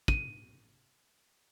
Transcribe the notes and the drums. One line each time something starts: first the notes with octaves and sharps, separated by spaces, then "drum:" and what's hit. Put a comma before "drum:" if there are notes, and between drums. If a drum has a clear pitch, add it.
D#7, drum: kick